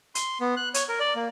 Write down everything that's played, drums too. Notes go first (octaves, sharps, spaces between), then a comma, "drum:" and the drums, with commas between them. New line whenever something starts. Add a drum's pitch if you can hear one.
C6, drum: hi-hat
B3
F#6
C#5, drum: hi-hat
A#4
D5
A#3